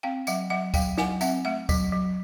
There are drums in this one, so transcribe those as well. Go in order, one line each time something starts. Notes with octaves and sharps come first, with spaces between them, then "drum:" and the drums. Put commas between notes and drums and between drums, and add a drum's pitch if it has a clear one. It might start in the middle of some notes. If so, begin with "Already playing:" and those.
C4 F5 G5
F#3 E5 F#5, drum: tambourine
F#3 E5 F#5
F#3 F5 G5, drum: kick, tambourine
F#3 F#5 G#5, drum: snare
C4 E5 F#5, drum: tambourine
A3 E5 F#5
F#3, drum: kick, tambourine
F#3